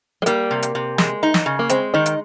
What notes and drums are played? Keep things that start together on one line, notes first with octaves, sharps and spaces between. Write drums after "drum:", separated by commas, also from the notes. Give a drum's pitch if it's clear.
G#3
G3 A#3, drum: hi-hat
C3
drum: hi-hat
C3
G#3, drum: snare
D#4
drum: snare
C#3
A#3
G#3 C4, drum: hi-hat
D#3 D#4
drum: hi-hat